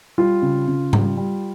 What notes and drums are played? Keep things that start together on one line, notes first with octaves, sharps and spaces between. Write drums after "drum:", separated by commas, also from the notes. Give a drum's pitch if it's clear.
G3 F4
C#3
C#3
G3, drum: tom G#2
G3